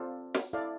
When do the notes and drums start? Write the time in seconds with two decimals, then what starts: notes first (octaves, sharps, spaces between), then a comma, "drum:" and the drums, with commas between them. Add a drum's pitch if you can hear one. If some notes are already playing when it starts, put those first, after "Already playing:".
Already playing: C4 F4 A4 D5 F5
0.35 drum: snare
0.53 E4 A4 D5 F5